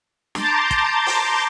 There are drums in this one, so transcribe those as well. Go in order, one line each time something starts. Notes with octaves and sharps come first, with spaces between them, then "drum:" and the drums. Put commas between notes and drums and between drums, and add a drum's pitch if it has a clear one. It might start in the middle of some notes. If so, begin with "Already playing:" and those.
A5 A#5 C6 D6 G6 A6, drum: snare
drum: kick, hi-hat
drum: open hi-hat